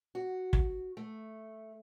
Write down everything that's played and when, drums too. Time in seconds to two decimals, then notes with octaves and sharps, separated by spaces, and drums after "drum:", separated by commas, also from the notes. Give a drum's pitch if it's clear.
0.15 F#4
0.53 drum: kick
0.97 A3